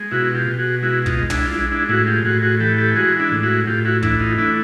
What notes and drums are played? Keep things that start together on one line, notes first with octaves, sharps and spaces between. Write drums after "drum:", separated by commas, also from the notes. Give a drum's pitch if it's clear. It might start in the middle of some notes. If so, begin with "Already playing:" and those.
Already playing: G#3
B2 E4 F#4
F4 G4
B2
F#4 G#4
G#3 E4 F#4
D#4 F4, drum: kick
G#3
D4 E4, drum: tom
F4
G#3 D4 E4
D4 E4
A2 E4 F#4
F4 G4
A2 F#4 G#4
F#4 G#4
E3 G4 A4
G4 A4
G#3 F#4 G#4
D4 E4
A2
E4 F#4
A2 F4 G4
E4 F#4
E3 D4 E4, drum: kick
D#4 F4
A3 D4 E4